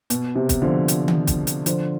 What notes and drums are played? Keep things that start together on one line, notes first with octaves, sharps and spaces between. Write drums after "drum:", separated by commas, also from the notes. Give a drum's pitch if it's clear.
B2, drum: hi-hat
C3
drum: kick, hi-hat
D3 F3
drum: hi-hat
drum: tom D#3
drum: kick, hi-hat
drum: hi-hat
D3 F3, drum: hi-hat